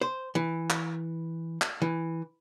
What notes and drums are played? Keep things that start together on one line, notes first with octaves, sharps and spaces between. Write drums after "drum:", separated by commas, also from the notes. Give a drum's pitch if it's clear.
C5
E3
drum: clap
drum: clap
E3